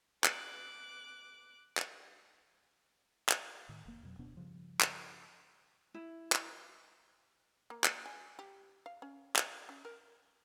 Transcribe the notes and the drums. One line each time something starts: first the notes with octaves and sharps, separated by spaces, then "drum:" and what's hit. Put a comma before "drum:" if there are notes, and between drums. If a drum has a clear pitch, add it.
D6 F#6, drum: clap
drum: clap
drum: clap
A2 D#3
F1 A#3
F2 B2 F#3
D1 B2 B3 D4
G2 C#3 F3
drum: clap
E4
drum: clap
A#3
drum: clap
G#5
G4
F5
C#4
drum: clap
C#4
A#4